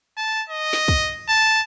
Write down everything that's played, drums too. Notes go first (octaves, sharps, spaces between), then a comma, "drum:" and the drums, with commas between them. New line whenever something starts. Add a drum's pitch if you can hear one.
A5
D#5
drum: snare
drum: kick
A5